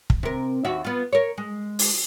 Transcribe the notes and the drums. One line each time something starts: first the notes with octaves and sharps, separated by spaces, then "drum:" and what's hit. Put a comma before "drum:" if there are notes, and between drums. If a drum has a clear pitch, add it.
drum: kick
C3 A#4
D#2 F#4 E5
B3 F4
A#4 C#5
G#3
drum: open hi-hat